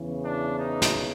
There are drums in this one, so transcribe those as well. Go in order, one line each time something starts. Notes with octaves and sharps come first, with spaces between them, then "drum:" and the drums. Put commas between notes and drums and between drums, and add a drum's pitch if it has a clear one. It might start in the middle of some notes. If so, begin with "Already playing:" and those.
Already playing: E2 C#3 E3
D4
D#4
drum: snare